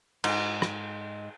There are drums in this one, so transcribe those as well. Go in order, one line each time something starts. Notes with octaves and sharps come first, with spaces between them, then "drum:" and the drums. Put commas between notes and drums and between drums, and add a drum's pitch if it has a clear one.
G#2, drum: cymbal
drum: rim click